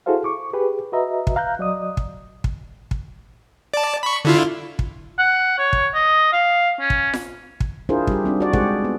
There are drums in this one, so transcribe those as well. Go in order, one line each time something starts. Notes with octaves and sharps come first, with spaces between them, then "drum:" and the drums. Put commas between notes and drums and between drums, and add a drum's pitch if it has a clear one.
E4 F#4 G#4 A4 C5 F5
C#6 D6
G4 G#4 B4
F#4 B4 D#5 E5 A#5
drum: kick
F5 A#5 F#6 G6
F#3 D5 D#5 D#6
drum: kick
drum: kick
drum: kick
D5 A5
B5 C#6
D3 E4 F4
drum: kick
F#5
C#5
drum: kick
D#5
F5
C#4
drum: kick
drum: snare F4
drum: kick
D4 E4 F4 G#4 A#4 C5
G3 G4, drum: kick
G3 C4 D4 D#4
F#4 D5
G#3 G4 G#4 C5 F#5, drum: kick
B3